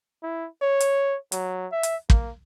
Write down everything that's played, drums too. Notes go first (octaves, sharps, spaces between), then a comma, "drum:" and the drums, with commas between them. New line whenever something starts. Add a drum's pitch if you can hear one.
E4
C#5
drum: hi-hat
F#3, drum: hi-hat
E5
drum: hi-hat
A#3, drum: kick